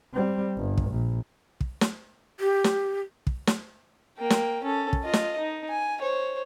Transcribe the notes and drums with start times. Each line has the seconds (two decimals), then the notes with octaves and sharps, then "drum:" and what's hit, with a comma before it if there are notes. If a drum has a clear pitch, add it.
0.14 G3 C4
0.57 G1
0.77 drum: kick
0.91 A#1
1.61 drum: kick
1.81 drum: snare
2.40 G4
2.64 drum: snare
3.27 drum: kick
3.47 drum: snare
4.18 A#3 G5
4.30 drum: snare
4.64 C#4 A4
4.93 drum: kick
5.03 F4 D#5
5.13 drum: snare
5.38 D#4
5.69 G#5
6.00 C5 C#5